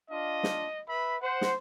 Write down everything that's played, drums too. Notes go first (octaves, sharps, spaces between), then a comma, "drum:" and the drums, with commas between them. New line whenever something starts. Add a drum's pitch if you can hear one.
D4 F4 D#5 F5
drum: snare
B4 E5 B5
C5 F#5
drum: snare